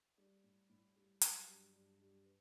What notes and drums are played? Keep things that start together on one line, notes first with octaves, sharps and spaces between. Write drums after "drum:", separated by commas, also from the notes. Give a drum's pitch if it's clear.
G3 D5
A2
A2
G3
F#3, drum: hi-hat
G2
G2
G2
B4